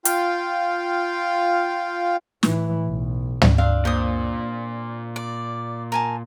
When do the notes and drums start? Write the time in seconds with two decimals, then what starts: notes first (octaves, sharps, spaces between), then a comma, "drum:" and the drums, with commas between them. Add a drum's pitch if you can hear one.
0.05 F4 F5 G5, drum: hi-hat
2.43 A2 E3, drum: snare
2.87 B1
3.41 drum: tom
3.58 C4 D4 F5
3.85 A#2 C5 D#6
5.16 D5
5.92 A#4 G#5 A5